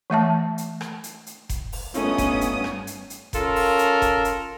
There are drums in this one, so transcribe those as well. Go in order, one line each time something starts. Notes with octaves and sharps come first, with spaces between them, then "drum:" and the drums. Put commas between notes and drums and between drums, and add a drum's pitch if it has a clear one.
E3 A3 E5 A5
drum: hi-hat
drum: rim click
drum: hi-hat
drum: hi-hat
drum: kick F1, hi-hat
drum: open hi-hat
G2 A3 B3 C#4 D#4 F4 D#6, drum: hi-hat
drum: kick F1, hi-hat
drum: hi-hat
drum: rim click
drum: hi-hat
drum: hi-hat
C#4 F4 A4 A#4, drum: kick F1, hi-hat
drum: open hi-hat
drum: hi-hat
drum: kick F1, hi-hat
drum: hi-hat